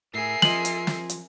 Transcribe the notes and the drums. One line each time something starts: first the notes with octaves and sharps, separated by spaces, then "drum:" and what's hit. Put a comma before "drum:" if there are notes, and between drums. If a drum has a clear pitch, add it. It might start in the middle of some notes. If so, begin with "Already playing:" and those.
A2 G#4 A#4 E5 C7
F3 D#5 F#7, drum: snare
drum: hi-hat
drum: snare
drum: hi-hat